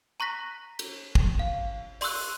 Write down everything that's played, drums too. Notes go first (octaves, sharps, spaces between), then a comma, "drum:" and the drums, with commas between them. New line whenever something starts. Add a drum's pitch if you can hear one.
A#5 C#6 F#6 A#6 B6
drum: cymbal
drum: kick
F5
D5 C6 C#6 E6 F#6, drum: open hi-hat